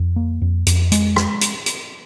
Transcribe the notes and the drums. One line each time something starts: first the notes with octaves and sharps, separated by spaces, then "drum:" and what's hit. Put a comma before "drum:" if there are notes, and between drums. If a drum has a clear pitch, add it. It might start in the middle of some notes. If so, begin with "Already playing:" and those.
Already playing: F2
A#3
F2
F2, drum: hi-hat
G#3, drum: hi-hat
drum: rim click
drum: hi-hat
drum: hi-hat